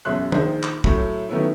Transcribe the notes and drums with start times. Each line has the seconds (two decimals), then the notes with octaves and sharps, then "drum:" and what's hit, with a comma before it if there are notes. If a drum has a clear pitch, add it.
0.05 E1 F#2 C#4 E5 C6 F#6
0.32 A#1 D#3 G#4 C5, drum: tom
0.63 drum: clap
0.84 A2 F#3 A3, drum: kick
1.29 D#3 F#3 A3 B3 C#4 E4